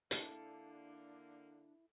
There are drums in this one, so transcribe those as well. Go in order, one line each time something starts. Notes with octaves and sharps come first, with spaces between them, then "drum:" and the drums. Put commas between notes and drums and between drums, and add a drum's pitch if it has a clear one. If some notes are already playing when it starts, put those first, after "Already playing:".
D3 A#3 D4 E4 A4, drum: hi-hat